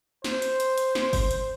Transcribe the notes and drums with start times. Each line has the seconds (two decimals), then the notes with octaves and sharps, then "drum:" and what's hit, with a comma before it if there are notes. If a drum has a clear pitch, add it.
0.24 C5, drum: snare
0.42 drum: hi-hat
0.60 drum: hi-hat
0.78 drum: hi-hat
0.95 drum: snare
1.13 drum: kick G1, open hi-hat
1.31 drum: hi-hat